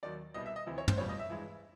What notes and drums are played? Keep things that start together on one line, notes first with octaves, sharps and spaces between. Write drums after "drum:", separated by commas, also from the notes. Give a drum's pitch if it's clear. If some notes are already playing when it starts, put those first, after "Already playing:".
D#2 D#3 F#3 D5
C2 B2 G3 D#5
E5
D#5
D2 C3 E3
C#5
C5, drum: tom
C#2 B2 G3 C#5
D#5
E5
G2 E3 G#3